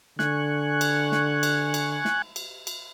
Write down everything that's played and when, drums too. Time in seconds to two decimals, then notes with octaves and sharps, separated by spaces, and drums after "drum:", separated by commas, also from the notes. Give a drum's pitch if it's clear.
0.19 D3 G#5 C#6 F#6, drum: snare
0.81 drum: cymbal
1.12 drum: snare
1.43 drum: cymbal
1.74 drum: cymbal
2.05 drum: snare
2.36 drum: cymbal
2.67 drum: cymbal